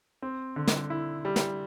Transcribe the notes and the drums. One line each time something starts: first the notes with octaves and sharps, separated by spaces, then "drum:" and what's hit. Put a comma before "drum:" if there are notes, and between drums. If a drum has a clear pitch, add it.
C4
D3
drum: snare
E4
G3
drum: snare